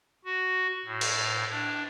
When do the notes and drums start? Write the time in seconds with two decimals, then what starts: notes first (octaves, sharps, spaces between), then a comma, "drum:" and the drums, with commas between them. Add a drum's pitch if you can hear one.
0.25 F#4
0.85 A2
1.01 drum: cymbal
1.51 D4